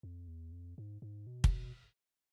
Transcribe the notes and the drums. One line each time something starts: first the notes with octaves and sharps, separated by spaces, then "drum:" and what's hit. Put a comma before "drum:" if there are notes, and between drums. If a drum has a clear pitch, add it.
F2
E2
F2
G#2
G#2
B2
C3, drum: kick
B2